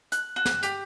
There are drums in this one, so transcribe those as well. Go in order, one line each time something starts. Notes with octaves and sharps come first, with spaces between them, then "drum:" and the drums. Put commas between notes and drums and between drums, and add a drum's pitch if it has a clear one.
F#6, drum: hi-hat
F#4
drum: snare
G4, drum: hi-hat